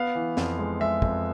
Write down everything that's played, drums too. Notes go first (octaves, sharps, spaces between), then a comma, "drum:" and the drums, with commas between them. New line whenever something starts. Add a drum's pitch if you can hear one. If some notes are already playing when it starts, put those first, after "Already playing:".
Already playing: B3 F5
E3
F2, drum: snare
G#3
G#3 E5
F2, drum: kick